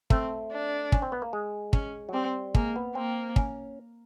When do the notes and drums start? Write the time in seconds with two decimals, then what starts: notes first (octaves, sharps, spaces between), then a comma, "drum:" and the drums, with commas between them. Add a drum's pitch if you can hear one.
0.10 A3 C4, drum: kick
0.52 D4
0.92 C#4, drum: kick
1.02 C4
1.12 B3
1.22 A#3
1.33 G#3
1.73 C#4, drum: kick
2.09 F#3
2.14 G3 C4
2.55 G#3 A#3, drum: kick
2.76 B3
2.95 A#3 C4
3.36 C#4, drum: kick